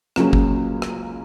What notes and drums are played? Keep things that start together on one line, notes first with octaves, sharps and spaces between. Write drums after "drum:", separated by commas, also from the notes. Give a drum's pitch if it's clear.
C#2 C#3 F#3 A#3 C#4, drum: rim click
drum: kick G1
drum: rim click